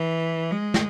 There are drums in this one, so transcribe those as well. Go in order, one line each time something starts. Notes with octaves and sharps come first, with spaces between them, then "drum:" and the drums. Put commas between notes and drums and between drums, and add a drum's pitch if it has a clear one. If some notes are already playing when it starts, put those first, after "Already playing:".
Already playing: E3
G#3
drum: snare